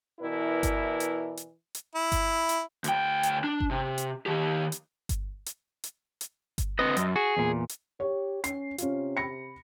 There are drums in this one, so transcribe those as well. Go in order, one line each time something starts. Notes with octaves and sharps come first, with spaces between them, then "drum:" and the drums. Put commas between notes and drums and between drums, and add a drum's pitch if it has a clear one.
B2 E3 E4 A#4 D5
drum: kick G1, hi-hat
drum: hi-hat
drum: hi-hat
drum: hi-hat
E4
drum: kick G1, hi-hat
drum: hi-hat
D2 G5, drum: hi-hat
drum: hi-hat
D4
drum: kick G1
C3
drum: hi-hat
D#3 G4
drum: hi-hat
drum: kick G1, hi-hat
drum: hi-hat
drum: hi-hat
drum: hi-hat
drum: kick G1, hi-hat
D3 C4 B4 D#5
F#2, drum: hi-hat
F#4 G#4
E2 A#2
drum: hi-hat
G4 C#5
C#4 C7, drum: hi-hat
C3 C#4 F4, drum: hi-hat
B5 A#6 C#7